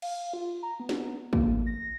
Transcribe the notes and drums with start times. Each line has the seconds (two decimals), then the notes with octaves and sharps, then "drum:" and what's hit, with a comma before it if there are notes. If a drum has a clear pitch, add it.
0.02 F5, drum: cymbal
0.33 F4
0.63 A#5
0.80 B3
0.89 drum: snare
1.33 A#3, drum: kick
1.66 A#6